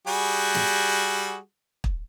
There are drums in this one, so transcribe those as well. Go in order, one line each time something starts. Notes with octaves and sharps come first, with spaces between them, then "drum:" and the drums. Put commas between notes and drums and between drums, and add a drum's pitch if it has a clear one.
G3 F#4 G#4
drum: snare
drum: kick